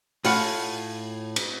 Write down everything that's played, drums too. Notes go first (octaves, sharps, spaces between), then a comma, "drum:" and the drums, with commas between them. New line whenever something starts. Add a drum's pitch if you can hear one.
A2 F4 F#5, drum: open hi-hat
drum: cymbal